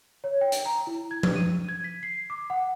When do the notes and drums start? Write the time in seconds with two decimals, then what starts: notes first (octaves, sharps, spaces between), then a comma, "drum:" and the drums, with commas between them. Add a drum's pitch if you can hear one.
0.24 C#5
0.41 G5
0.52 drum: hi-hat
0.66 A#5
0.87 E4
1.11 G#6
1.23 drum: tom F3
1.36 D#7
1.69 G#6
1.84 B6
2.03 C7
2.30 D6
2.50 F#5